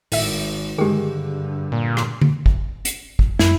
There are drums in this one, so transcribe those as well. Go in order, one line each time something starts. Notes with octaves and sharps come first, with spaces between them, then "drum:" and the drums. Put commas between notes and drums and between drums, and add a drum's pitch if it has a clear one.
G#1 A2 E5, drum: open hi-hat
G2 D3 D#3 G#3 G4 G#4
A#2
drum: rim click
drum: tom D3
drum: kick
drum: hi-hat
drum: kick
F#2 E4, drum: snare